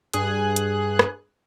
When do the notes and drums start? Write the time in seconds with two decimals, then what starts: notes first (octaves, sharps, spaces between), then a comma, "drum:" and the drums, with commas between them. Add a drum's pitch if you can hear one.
0.13 G2 G#4 F#6, drum: hi-hat
0.56 drum: hi-hat
0.99 drum: rim click